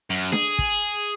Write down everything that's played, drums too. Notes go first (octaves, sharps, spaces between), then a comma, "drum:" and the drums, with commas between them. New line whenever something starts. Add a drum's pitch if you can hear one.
F#2
G#4, drum: snare D4
drum: kick